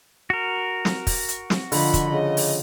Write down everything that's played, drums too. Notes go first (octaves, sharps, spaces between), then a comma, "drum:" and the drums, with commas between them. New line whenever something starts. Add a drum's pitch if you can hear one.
F#4 A#4
drum: snare
drum: kick, open hi-hat
drum: hi-hat
drum: snare
D3 F3 F4 D#5 B5, drum: open hi-hat
drum: kick, hi-hat
C#3 D#5
drum: open hi-hat